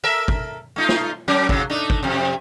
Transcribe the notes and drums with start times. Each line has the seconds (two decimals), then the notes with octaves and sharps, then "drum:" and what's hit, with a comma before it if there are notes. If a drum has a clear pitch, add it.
0.04 A4 A#4 E5
0.28 drum: kick
0.76 A3 D#4 F4
0.89 drum: snare
1.28 F#3 C#4 A#4
1.49 G#2 C#3 F#3, drum: kick
1.70 A3 D4 D#4
1.90 drum: kick
2.03 F2 C3